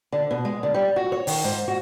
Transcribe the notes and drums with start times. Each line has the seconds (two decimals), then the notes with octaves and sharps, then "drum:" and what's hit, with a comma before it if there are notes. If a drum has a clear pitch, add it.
0.12 D3
0.31 B2
0.45 G#3
0.63 D3
0.74 G3
0.96 F#4
1.12 C#5
1.27 D#3, drum: open hi-hat
1.44 G#2
1.68 F#4